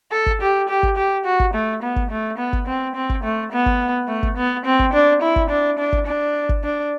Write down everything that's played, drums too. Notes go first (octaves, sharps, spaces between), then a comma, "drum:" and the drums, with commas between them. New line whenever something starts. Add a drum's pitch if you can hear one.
A4
drum: kick G#1
G4
G4
drum: kick G#1
G4
F#4
drum: kick G#1
A3
B3
drum: kick G#1
A3
B3
drum: kick G#1
C4
C4
drum: kick G#1
A3
B3
drum: kick G#1
A3
drum: kick G#1
B3
C4
drum: kick G#1
D4
E4
drum: kick G#1
D4
D4
drum: kick G#1
D4
drum: kick G#1
D4